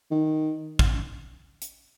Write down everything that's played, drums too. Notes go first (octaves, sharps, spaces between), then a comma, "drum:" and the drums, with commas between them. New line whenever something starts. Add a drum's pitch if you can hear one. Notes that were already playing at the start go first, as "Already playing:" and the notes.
D#3
drum: kick
drum: hi-hat